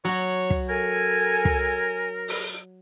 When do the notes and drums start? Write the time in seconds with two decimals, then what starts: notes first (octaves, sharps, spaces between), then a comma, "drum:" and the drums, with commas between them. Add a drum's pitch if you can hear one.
0.05 F#3 F#4 C#5
0.50 drum: kick
0.69 A4 A#4 G#5
1.45 drum: kick
2.28 drum: open hi-hat